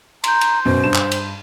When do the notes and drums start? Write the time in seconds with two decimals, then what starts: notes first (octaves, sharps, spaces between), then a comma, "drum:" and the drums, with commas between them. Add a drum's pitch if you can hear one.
0.24 A#5 C6 G6, drum: cymbal
0.41 drum: cymbal
0.65 F#2 B2 C5
0.84 G2 E7
0.94 drum: clap
1.11 drum: cymbal